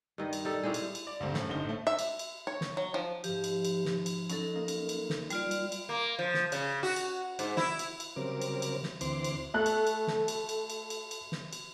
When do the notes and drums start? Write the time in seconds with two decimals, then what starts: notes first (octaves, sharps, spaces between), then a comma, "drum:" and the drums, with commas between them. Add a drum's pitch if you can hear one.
0.18 G2 D#3 D#5
0.33 drum: cymbal
0.45 G3 D#4 A4
0.63 A2 G3 C4 G#4
0.74 drum: cymbal
0.95 drum: cymbal
1.07 D5
1.20 D2 G2 C4
1.34 F#2 A2, drum: snare
1.49 G1 C#4 D#4 C5 G7
1.64 A2 A3
1.87 E5
1.99 drum: cymbal
2.19 drum: cymbal
2.47 C#5
2.61 drum: snare
2.77 F#3
2.94 F3
3.24 G#2 F3 G4, drum: cymbal
3.44 drum: cymbal
3.65 drum: cymbal
3.85 drum: snare
4.06 drum: cymbal
4.30 F#3 C#4 D#4 A4 D#5, drum: cymbal
4.55 A#3 D#5
4.68 drum: cymbal
4.89 drum: cymbal
5.10 drum: snare
5.30 G3 F4 D5, drum: cymbal
5.51 drum: cymbal
5.72 drum: cymbal
5.89 A#3
6.19 F3
6.34 drum: snare
6.52 C#3, drum: cymbal
6.83 F#4
6.96 drum: cymbal
7.39 G#2, drum: cymbal
7.57 E4, drum: snare
7.79 drum: cymbal
8.00 drum: cymbal
8.16 C#3 F#3 G3 C4 A#4 D6
8.41 drum: cymbal
8.62 drum: cymbal
8.83 drum: snare
9.01 D2 E3 C4 C6 D6, drum: cymbal
9.24 drum: cymbal
9.54 A3 A4 F#6
9.66 drum: cymbal
9.87 drum: cymbal
10.07 drum: snare
10.28 drum: cymbal
10.49 drum: cymbal
10.70 drum: cymbal
10.90 drum: cymbal
11.11 drum: cymbal
11.32 drum: snare
11.53 drum: cymbal